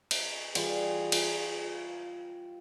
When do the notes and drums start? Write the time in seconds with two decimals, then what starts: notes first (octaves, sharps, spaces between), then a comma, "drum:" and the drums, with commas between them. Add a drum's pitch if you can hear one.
0.11 D#5, drum: cymbal
0.55 E3 G3 F4 G#4, drum: cymbal
1.12 F4, drum: cymbal